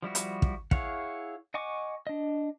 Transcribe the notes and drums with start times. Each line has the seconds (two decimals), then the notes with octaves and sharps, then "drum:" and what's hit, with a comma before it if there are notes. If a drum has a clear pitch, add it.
0.02 F3 G3 E4 F#4
0.15 drum: hi-hat
0.42 drum: kick
0.71 E4 G#4 C#5 F5 F#5, drum: kick
1.54 D#5 F#5 G#5 C#6 D6
2.07 D4 D#5